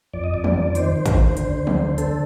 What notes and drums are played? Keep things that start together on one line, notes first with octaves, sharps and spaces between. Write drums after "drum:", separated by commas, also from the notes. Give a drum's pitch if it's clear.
F2 D5
D#5
F2 D5
drum: tom
F2
D#3 C5, drum: hi-hat
D#3
drum: kick, hi-hat
D#2
D3, drum: hi-hat
D2
drum: tom
D3
D3 A4, drum: hi-hat